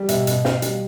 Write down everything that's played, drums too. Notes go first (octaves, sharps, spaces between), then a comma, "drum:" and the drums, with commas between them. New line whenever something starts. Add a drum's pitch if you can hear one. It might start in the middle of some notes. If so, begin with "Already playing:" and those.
Already playing: G3
B2 E5, drum: hi-hat
B2, drum: hi-hat
B2 F5, drum: snare
G3, drum: hi-hat